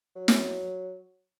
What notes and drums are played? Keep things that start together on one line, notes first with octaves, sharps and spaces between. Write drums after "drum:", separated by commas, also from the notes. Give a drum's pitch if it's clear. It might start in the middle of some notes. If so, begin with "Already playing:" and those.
F#3
drum: snare